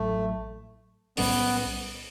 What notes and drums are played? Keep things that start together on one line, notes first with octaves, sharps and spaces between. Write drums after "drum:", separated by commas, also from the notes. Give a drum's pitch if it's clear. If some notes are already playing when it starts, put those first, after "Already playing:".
Already playing: A1 A2 F#3 A3
B1 A2 G3 B3 C#4, drum: open hi-hat